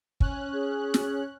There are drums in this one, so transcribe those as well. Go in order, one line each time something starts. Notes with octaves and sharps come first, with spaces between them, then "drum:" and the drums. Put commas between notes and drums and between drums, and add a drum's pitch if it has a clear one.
C#4 F#6, drum: kick
G#4
drum: snare